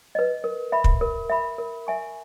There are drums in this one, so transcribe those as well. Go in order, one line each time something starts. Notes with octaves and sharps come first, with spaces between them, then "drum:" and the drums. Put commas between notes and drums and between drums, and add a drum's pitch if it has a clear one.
B4 D#5
A#4
E5 B5
drum: kick
A#4
E5 B5
A#4
E5 G#5 C#6